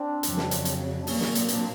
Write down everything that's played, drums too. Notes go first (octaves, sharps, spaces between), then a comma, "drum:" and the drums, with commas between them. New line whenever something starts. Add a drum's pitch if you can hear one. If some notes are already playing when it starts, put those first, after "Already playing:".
Already playing: C4 D4
F2 C#3 F#3, drum: hi-hat
drum: snare
drum: hi-hat
drum: hi-hat
D4
A#2 F#3 A#3 C#4, drum: open hi-hat
C#4, drum: snare
C4 D4, drum: hi-hat
C4 D4, drum: hi-hat